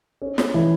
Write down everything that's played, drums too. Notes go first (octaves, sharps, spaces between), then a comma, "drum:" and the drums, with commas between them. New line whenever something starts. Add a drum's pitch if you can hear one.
C#4
drum: snare
E3